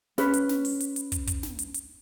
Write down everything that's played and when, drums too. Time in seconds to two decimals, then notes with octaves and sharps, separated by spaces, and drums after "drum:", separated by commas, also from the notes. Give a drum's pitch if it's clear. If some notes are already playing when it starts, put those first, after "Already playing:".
0.18 C#4 B4, drum: snare
0.34 drum: hi-hat
0.49 drum: snare
0.65 drum: open hi-hat
0.80 drum: hi-hat
0.96 drum: hi-hat
1.12 drum: kick, hi-hat
1.27 drum: kick, hi-hat
1.43 drum: snare
1.59 drum: hi-hat
1.74 drum: hi-hat